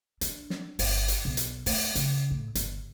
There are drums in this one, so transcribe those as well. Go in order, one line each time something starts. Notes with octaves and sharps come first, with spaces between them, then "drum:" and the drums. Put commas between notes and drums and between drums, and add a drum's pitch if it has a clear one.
D4, drum: hi-hat
drum: snare
G1, drum: open hi-hat
drum: hi-hat
B1
drum: hi-hat
A3, drum: open hi-hat
C#3, drum: hi-hat
A2
G1, drum: hi-hat